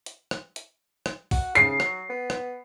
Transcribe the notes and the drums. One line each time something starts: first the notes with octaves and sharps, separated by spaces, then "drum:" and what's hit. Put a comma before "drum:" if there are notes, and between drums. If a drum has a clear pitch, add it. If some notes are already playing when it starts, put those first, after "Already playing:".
drum: hi-hat
drum: rim click
drum: hi-hat
drum: rim click
F#4, drum: kick, open hi-hat
C#3 C7, drum: hi-hat
F#3, drum: rim click
B3
drum: rim click